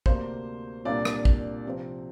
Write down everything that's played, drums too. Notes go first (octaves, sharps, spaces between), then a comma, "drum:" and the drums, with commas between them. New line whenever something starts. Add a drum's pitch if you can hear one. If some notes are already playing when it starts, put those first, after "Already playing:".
D2 C3 A#3 D4 C5, drum: kick
C2 A#2 A#3 D4 D5
drum: rim click
drum: kick
C3 F3 C4